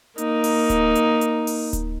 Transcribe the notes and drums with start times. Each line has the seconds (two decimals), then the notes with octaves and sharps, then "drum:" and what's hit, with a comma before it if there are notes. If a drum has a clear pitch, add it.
0.18 A#3 D#4, drum: hi-hat
0.44 drum: open hi-hat
0.70 drum: kick D1, hi-hat
0.95 drum: hi-hat
1.21 drum: hi-hat
1.47 drum: open hi-hat
1.73 drum: kick D1, hi-hat